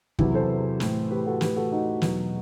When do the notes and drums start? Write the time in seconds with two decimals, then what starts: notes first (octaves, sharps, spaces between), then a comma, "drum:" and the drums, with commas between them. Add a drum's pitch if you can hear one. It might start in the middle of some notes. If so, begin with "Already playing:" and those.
0.19 E2 C3 F#3 E4 G4, drum: kick
0.34 A4 C5
0.80 A2 E3, drum: snare
1.11 G4 B4
1.26 F#4 A4
1.41 A2 E3 G4 B4, drum: snare
1.56 F#4 A4
1.72 D#4 F#4
2.02 E2 B2 F#3, drum: snare